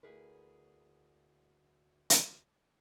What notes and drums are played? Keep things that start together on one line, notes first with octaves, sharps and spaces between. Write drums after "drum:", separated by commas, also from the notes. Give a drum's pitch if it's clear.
D2 D3 E4 G#4 A#4 B4
drum: hi-hat